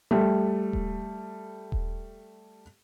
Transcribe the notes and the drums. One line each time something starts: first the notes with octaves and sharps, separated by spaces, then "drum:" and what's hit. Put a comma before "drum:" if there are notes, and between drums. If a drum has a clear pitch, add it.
G3 A3
drum: kick D#1
drum: kick D#1